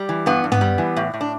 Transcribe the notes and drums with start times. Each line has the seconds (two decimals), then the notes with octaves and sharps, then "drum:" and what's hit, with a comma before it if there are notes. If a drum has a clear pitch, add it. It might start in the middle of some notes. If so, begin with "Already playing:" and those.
Already playing: G3
0.09 E3
0.26 G2 B3
0.44 G2
0.52 B3, drum: tom
0.61 G3
0.78 E3
0.96 A2
1.14 A2
1.21 D4